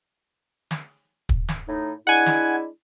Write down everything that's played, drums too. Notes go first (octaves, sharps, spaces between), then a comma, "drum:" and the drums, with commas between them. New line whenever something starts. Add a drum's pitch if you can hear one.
drum: snare
drum: kick
drum: snare
A2 D#4
G#3 D4 E4 F#5 G#5
drum: snare